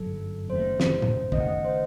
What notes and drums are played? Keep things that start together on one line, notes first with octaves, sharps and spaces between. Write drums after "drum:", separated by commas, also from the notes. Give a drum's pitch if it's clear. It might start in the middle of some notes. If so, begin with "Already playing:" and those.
Already playing: G1 F#2 F#3 A4
F#1 F#2 D#3 A3 C5
drum: snare
drum: tom
F#1 F#2 D#3 A3 D#5, drum: kick
F#5
D#5
C5